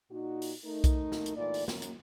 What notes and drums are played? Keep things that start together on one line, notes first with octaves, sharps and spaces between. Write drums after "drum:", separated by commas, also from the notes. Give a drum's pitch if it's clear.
A#2 D#4 F#4
drum: open hi-hat
A3 D#4 A#4
drum: kick B1, hi-hat
drum: snare
drum: hi-hat
A#2 E3 A3 D#4 D5
drum: open hi-hat
F#2 D#3 A#4, drum: snare
drum: hi-hat